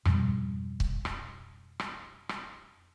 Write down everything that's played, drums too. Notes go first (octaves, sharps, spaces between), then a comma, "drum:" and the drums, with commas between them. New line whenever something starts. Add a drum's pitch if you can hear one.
F2 G#2 B2 G3, drum: rim click
drum: kick C#1
drum: rim click
drum: rim click
drum: rim click